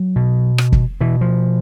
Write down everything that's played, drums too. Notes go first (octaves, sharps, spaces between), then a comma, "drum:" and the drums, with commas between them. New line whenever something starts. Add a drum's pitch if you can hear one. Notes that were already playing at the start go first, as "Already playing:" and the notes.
Already playing: F#3
B2
drum: rim click
drum: kick
B2 E3
F3